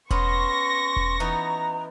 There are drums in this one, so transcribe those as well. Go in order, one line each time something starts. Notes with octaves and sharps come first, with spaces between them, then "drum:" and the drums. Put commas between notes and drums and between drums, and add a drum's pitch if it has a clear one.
B3 C#4 C6 C#6 A#6, drum: kick E1
drum: kick E1
E3 B3 D#4 A#5